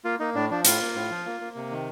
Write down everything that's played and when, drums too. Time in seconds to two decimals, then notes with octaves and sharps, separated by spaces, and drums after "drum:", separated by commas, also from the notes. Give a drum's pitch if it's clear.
0.05 A#3 F4
0.20 A#3 D#4
0.35 A2 D4
0.50 F3 D4
0.65 A2 F4, drum: hi-hat
0.81 A#3
0.95 A2
1.11 F3
1.26 A#3
1.41 A#3
1.56 C3
1.71 D#3